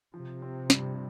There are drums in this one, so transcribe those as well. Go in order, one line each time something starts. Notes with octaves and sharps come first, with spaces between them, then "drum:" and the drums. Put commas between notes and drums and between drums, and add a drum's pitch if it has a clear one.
C3 F3
C4
G2, drum: snare